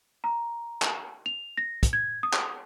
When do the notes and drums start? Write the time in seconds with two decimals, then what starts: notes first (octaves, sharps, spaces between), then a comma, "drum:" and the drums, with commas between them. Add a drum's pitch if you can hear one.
0.24 A#5
0.82 drum: clap
1.26 F7
1.57 A#6
1.83 drum: kick, hi-hat
1.93 G#6
2.23 D#6
2.33 drum: clap